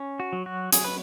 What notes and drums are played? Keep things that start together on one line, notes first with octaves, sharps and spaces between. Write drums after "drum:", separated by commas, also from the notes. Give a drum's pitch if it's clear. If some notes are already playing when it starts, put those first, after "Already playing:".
Already playing: C#4
F#4
F#3
F#4
F#3 G#4, drum: hi-hat
B4